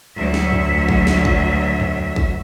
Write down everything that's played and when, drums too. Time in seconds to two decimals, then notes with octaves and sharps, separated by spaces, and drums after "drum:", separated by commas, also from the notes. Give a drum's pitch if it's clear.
0.16 D2 F#3 E5
0.34 drum: snare
0.52 drum: tom E2
0.89 drum: kick
1.07 drum: snare
1.25 drum: kick
1.80 drum: tom E2
2.16 drum: kick